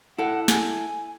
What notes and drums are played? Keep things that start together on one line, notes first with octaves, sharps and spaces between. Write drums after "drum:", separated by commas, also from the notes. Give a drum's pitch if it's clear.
E4 A4 F#5
G#5, drum: snare